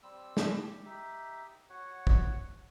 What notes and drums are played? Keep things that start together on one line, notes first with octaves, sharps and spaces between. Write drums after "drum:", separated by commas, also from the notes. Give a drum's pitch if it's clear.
G3 C4 E6
drum: snare
G4
D#4 G4 E5
F#4 C#5 F#5
drum: kick